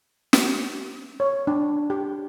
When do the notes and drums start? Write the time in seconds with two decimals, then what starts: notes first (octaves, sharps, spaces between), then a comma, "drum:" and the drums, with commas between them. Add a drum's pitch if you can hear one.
0.33 drum: snare
1.20 C#5
1.47 D4
1.90 G4